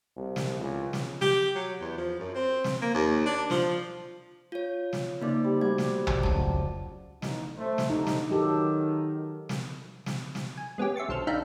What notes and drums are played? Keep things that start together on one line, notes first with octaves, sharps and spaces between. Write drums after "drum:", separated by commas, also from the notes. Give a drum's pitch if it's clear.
C2
drum: snare
C#2
drum: snare
G4, drum: snare
F#3
E2
F3
F#2
C4
drum: snare
A#3
D#2
D4
F3, drum: snare
F4 C#5
drum: snare
C#3 A#3 D#4 C5 D5
G3
G3 A3 A#3 F#4 D5 G5 G#6
drum: snare
drum: tom
F1 C#2 F#3 A5
A1 D#4, drum: snare
A3 C5
drum: snare
C2 D3 D#4
drum: snare
D#3 F#3 G4 A4
drum: snare
drum: snare
drum: snare
G#5
G#3 B3 C#4 G4
E5 C6 C#6 A6
B1 D3 A4 C5 F6
D4 D#4 E5 F5 G5 B5